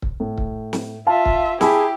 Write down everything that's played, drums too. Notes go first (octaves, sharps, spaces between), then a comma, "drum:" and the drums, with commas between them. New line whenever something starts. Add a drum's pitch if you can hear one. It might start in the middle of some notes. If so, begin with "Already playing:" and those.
drum: kick C#1
A2
drum: kick C#1
drum: snare
F4 E5 F5 A5
drum: kick C#1
E4 G4 G#4 A5 B5 E6, drum: snare